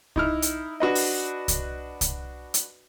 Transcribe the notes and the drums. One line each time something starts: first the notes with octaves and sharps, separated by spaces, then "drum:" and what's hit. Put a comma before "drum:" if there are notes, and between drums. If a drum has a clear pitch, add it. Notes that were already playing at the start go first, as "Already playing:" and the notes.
D#4 E4 F6, drum: kick C2
drum: hi-hat
D4 F#4 B4 D#5
drum: open hi-hat
drum: kick C2, hi-hat
drum: kick C2, hi-hat
drum: hi-hat